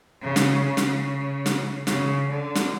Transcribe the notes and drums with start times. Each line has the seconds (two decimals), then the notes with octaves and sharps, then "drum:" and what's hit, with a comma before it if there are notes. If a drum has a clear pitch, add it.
0.22 C#3
0.36 drum: snare
0.63 C#3
0.77 drum: snare
1.46 drum: snare
1.87 C#3, drum: snare
2.28 D3
2.55 drum: snare